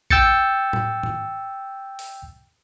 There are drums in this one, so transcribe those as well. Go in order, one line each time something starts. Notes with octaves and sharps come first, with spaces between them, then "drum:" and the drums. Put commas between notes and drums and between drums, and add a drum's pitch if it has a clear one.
G5 E6 G6 A6 C#7, drum: kick A#1
drum: tom A2
drum: tom G#2
drum: open hi-hat